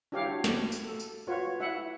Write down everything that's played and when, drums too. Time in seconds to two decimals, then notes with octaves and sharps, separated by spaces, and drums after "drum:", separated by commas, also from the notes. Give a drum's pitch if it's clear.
0.12 D4 E4 G4 C#5 F5
0.26 F#4
0.44 drum: snare
0.72 drum: tambourine
0.84 A4
1.00 drum: tambourine
1.27 F4 F#4 B4 C#5
1.60 E4 E5 F#5